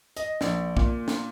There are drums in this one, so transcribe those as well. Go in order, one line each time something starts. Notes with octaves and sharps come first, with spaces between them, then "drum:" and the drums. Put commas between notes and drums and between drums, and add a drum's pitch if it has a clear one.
D#5, drum: hi-hat
A#1, drum: snare
A#2, drum: kick
drum: snare